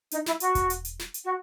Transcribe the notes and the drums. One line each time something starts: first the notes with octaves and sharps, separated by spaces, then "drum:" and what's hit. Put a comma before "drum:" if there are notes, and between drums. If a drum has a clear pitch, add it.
D#4, drum: hi-hat
E4, drum: snare
F#4, drum: hi-hat
drum: kick E1, hi-hat
drum: hi-hat
drum: hi-hat
drum: snare
drum: hi-hat
F#4